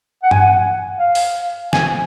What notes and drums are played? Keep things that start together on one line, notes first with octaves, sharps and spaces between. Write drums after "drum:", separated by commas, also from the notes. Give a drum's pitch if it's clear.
F#5
G#5, drum: tom G2
F#5
F5
drum: open hi-hat
G#5, drum: snare